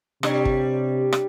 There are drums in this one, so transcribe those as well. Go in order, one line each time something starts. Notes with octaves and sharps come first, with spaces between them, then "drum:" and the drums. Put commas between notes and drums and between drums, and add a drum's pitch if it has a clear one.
C3 G3 D4 C#5, drum: rim click
drum: kick
drum: rim click